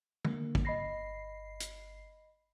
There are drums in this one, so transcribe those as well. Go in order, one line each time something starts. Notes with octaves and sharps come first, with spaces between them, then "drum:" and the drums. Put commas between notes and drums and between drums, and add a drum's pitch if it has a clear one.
D3 A#3, drum: tom
drum: kick
G1 D#5 B5 A#6 C7
drum: hi-hat